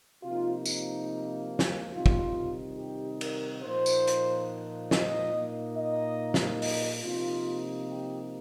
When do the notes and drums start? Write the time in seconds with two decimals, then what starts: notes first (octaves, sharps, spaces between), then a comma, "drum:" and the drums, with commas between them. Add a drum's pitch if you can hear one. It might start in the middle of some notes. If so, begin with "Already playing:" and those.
0.23 C3 F3 A#3 D#4 F4
0.66 D#4, drum: tambourine
1.59 drum: snare
1.93 C3 D#3 G3 D#4 F4
2.06 drum: kick
2.79 G4
3.21 A#4, drum: cymbal
3.63 A#2 F3 A#3 D#4 C5
3.86 drum: tambourine
4.07 drum: hi-hat
4.91 D#5, drum: snare
5.34 A#2 A#3 D#4
5.77 D#5
6.34 drum: snare
6.62 D#5, drum: open hi-hat
7.04 C3 F3 A#3 D#4 F4
7.89 G4